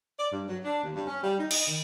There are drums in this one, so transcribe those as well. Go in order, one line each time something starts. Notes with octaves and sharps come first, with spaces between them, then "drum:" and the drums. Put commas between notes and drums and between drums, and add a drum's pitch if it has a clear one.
D5
G2
F#3
D4
D#2
G2
C#4
G3
D#4
D#5, drum: cymbal
D#3